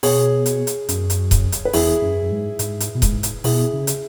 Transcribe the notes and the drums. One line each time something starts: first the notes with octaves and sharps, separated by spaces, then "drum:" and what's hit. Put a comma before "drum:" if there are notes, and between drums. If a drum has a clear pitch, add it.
B2 G#4 C#5, drum: open hi-hat
drum: hi-hat
drum: hi-hat
F#2, drum: hi-hat
drum: hi-hat
drum: kick D#1, hi-hat
drum: hi-hat
B4
E2 E4 G#4, drum: open hi-hat
F#2
F#2
G#2
G#2, drum: hi-hat
drum: hi-hat
B2
G#2, drum: kick D#1, hi-hat
drum: hi-hat
B2 E4 G#4, drum: open hi-hat
C#3
drum: hi-hat